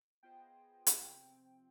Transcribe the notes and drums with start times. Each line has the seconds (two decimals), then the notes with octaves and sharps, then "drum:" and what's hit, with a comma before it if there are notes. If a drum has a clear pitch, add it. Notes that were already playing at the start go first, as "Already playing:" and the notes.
0.23 B3 F4 G#4 C5 D#5 G5
0.87 drum: hi-hat
1.01 C3 F3 C4 G5